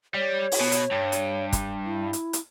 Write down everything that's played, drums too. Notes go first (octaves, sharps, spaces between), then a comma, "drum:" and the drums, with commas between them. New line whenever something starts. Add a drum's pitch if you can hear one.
G3 C#5
drum: open hi-hat
B2
drum: hi-hat
G2
drum: hi-hat
drum: kick, hi-hat
E4
drum: hi-hat
drum: hi-hat